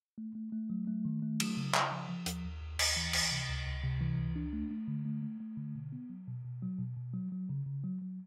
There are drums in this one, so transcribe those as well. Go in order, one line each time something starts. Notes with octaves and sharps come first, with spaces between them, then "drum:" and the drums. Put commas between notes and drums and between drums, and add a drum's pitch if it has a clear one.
A3
A3
A3
F#3
A3
D#3
A3
F#3, drum: cymbal
C#3
C#3, drum: clap
F3
F3
D#2, drum: hi-hat
D#2
D#2
D#2, drum: cymbal
E3
C#2, drum: cymbal
C3
C#2
C#2
C3
E3
C#2
D4
A3
A3
D3
A3
A3
A3
D3
B2
B3
F#3
B2
B2
F#3
B2
B2
F#3
F#3
C#3
C#3
F#3
F#3